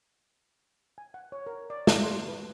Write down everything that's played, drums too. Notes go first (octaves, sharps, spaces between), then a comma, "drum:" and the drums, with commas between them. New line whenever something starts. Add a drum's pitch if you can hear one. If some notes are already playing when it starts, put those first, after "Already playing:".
G#5
F#5
C#5
A#4
D5
G#5, drum: snare
C6
B4